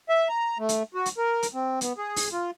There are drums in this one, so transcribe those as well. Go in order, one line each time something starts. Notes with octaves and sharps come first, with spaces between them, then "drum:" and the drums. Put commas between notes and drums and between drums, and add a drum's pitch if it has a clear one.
E5
A#5
A3
drum: hi-hat
F#4
drum: hi-hat
A#4
drum: hi-hat
C4
B3, drum: hi-hat
G#4
drum: open hi-hat
F4